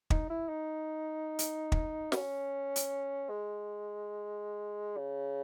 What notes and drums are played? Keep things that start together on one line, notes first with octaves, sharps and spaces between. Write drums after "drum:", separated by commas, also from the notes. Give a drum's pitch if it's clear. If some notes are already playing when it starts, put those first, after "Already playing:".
D#4, drum: kick
E4
D#4
drum: hi-hat
drum: kick
B3, drum: snare
C#4
drum: hi-hat
G#3
C#3